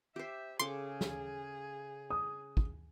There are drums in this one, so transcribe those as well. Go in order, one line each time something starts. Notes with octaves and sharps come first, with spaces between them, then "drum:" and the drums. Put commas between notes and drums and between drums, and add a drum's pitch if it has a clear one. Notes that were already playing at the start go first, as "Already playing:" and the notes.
G4 C5 E5
C#3 G#4 A4 C6 D6
drum: snare
D#6
drum: kick